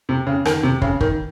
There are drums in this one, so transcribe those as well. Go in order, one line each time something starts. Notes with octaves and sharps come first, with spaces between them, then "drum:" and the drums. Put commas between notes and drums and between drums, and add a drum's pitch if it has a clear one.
C3
C#3
D#3, drum: rim click
C3
C#3, drum: kick
D#3, drum: kick